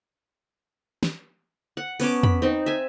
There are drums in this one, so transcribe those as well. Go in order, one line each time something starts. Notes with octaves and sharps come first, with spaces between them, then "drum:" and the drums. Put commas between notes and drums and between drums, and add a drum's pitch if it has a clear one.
drum: snare
F#5
B3 C#4 A5 D6, drum: open hi-hat
B5, drum: tom
C4 D#4
E5 G#5